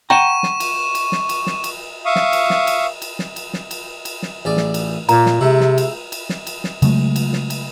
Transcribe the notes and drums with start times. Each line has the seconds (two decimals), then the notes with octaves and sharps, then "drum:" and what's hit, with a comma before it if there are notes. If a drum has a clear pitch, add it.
0.10 F#5 G5 A#5 C#6 E7
0.43 drum: snare
0.60 drum: cymbal
0.95 drum: cymbal
1.12 drum: snare
1.29 drum: cymbal
1.47 drum: snare
1.64 drum: cymbal
2.05 E5 F5 C#6 D#6
2.16 drum: snare
2.33 drum: cymbal
2.50 drum: snare
2.67 drum: cymbal
3.02 drum: cymbal
3.19 drum: snare
3.36 drum: cymbal
3.53 drum: snare
3.71 drum: cymbal
4.05 drum: cymbal
4.22 drum: snare
4.45 A1 G#4 D5
4.57 drum: snare
4.74 drum: cymbal
5.09 A#2 A#3 A#5, drum: cymbal
5.26 drum: snare
5.41 C3 G#3 E4
5.60 drum: snare
5.78 drum: cymbal
6.12 drum: cymbal
6.29 drum: snare
6.47 drum: cymbal
6.64 drum: snare
6.82 C#3 F#3 G#3 A3, drum: cymbal
7.16 drum: cymbal
7.33 drum: snare
7.50 drum: cymbal